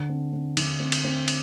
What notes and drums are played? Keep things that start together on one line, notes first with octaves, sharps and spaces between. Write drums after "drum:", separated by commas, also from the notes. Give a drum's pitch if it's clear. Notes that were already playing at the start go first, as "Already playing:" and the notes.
Already playing: D3
C4
C4
D3, drum: cymbal
C4
drum: cymbal
C4
drum: cymbal